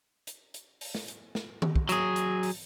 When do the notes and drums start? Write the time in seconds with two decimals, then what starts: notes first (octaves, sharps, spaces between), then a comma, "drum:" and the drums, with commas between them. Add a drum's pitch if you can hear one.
0.27 drum: hi-hat
0.54 drum: hi-hat
0.81 drum: open hi-hat
0.95 drum: snare
1.08 drum: hi-hat
1.35 drum: snare
1.62 drum: tom D#3
1.76 drum: kick
1.89 F#3 G#4, drum: hi-hat
2.16 drum: hi-hat
2.43 drum: open hi-hat